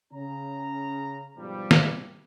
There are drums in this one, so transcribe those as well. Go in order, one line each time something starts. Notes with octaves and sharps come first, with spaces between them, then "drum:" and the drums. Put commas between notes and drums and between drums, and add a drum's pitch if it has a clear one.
C#3 C#4 A#5
G#2 B2 D3 F3 G3
drum: snare